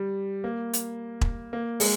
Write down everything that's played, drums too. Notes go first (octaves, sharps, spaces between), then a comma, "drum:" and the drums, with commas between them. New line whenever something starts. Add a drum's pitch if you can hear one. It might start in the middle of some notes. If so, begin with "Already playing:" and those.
Already playing: G3
A#3
drum: hi-hat
drum: kick E1
A#3
G#3, drum: open hi-hat